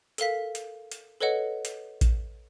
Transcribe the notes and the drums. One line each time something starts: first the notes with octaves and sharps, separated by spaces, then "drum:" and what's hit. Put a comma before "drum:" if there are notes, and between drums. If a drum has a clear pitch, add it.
A4 A#4 F5 B6, drum: hi-hat
drum: hi-hat
drum: hi-hat
A4 B4 C#5 D#5 F#5
drum: hi-hat
drum: kick A1, hi-hat